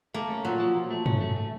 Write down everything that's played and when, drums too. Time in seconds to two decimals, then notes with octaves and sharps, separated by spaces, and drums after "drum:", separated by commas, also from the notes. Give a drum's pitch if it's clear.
0.14 A3 A#3
0.30 C#4
0.45 A#2 F#3
0.60 F3
0.76 A#2
0.91 A3
1.06 C#4, drum: tom G2
1.21 A3
1.36 A3